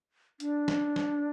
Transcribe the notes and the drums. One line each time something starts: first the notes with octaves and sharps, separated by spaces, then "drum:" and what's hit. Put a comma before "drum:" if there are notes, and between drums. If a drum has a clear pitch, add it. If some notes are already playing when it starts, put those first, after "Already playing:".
D4, drum: hi-hat
drum: snare
drum: snare